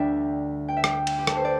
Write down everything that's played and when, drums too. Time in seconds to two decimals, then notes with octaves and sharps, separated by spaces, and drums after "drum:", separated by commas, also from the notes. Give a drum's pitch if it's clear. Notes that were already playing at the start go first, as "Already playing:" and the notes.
Already playing: D2 D3 G3 D5 E5 G5
0.68 G5
0.77 E5
0.84 G5, drum: rim click
1.07 drum: cymbal
1.19 G4
1.27 A4, drum: rim click
1.37 C5
1.45 D5